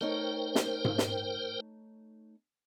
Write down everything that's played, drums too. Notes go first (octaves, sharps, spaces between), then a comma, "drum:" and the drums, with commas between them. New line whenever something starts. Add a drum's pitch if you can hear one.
A3 D#4 A#4 C5 C#5 G5
drum: snare
drum: tom G#2
drum: snare